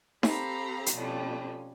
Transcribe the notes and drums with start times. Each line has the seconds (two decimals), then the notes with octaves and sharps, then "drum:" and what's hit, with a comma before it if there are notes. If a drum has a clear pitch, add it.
0.23 C4 G4 A4 F5 A#5 B5, drum: snare D#4
0.86 drum: hi-hat
0.96 F2 B2 G3 A3 C#4 F4